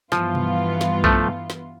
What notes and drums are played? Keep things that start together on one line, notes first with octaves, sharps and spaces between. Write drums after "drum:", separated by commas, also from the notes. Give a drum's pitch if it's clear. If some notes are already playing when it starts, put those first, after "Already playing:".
G2 E3 F3 B3 F4, drum: snare
drum: tom B2
drum: snare
F3 A3, drum: kick B1
drum: snare